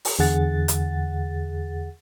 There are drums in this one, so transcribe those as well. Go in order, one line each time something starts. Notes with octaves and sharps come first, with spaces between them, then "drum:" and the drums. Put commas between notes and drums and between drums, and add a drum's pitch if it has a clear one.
drum: open hi-hat
E2 D3 G#4 F#5 A6
drum: hi-hat